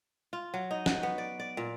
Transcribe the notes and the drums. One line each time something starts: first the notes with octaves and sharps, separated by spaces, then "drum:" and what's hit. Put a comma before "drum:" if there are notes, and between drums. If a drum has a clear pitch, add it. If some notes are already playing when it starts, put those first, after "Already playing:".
F4
F#3
D#4
F#4, drum: snare
B3
D5
D5
A#2